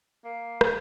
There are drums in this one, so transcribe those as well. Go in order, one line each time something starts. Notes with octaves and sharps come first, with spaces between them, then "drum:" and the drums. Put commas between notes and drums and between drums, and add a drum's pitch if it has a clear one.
A#3
drum: rim click